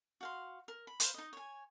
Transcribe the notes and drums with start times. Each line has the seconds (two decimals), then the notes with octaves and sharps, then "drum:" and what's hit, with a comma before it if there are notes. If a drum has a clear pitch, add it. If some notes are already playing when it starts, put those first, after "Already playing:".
0.21 F#4 F5 C6
0.68 A#4
0.87 B5
1.00 B4 C5 F5, drum: hi-hat
1.14 D#4 D#5
1.33 C#5 G#5